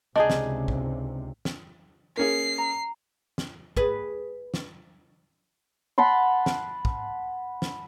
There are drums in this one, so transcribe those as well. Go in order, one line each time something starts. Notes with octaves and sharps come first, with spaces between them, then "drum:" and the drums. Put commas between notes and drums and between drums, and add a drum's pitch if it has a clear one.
C#2 C3 D4 D#4 G#4 D#5
drum: snare
drum: kick
drum: snare
A#3 C#4 G#4 C7
A#5
drum: snare
G#4 B4, drum: kick
drum: snare
F#5 A5 B5 C6
drum: snare
drum: kick
drum: snare